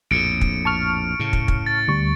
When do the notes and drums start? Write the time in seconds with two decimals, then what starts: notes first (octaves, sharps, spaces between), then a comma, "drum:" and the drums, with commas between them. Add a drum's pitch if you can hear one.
0.11 A#1 F2 A2 C#7 D7
0.41 drum: kick
0.65 A5 C#6 F6
1.19 A2 C#3
1.33 drum: kick
1.48 drum: kick
1.66 A6
1.88 D2 G3 C#6